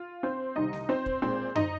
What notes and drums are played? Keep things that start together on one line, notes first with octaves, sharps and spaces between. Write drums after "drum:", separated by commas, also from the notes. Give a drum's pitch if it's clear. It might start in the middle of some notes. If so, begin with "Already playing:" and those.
Already playing: F4
C4 C5
C2 C3 D#3 C4 D#4 D#5
drum: snare
C4 C5
drum: kick
A#2 G#3 C4 C5
D#4 D#5, drum: tom F#2